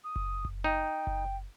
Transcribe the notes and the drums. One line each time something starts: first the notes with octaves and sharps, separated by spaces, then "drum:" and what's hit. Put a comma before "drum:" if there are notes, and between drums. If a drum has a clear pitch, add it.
D#6
drum: kick F#1
drum: kick F#1
D#4 G5
drum: kick F#1